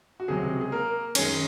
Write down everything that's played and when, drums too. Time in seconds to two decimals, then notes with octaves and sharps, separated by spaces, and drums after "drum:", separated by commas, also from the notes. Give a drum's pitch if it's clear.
0.20 F#4
0.28 C#2 C3 F#3 G#3 G#4
0.61 G#4
0.72 A#3 A#4
1.15 F#2 D#3 G#3 C#4 C#5, drum: cymbal